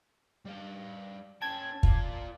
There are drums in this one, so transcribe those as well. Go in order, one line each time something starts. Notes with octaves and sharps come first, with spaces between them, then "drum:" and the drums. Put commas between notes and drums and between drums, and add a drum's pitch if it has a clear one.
G3 F5
C#4 G5 A5 G#6
F4 D5, drum: kick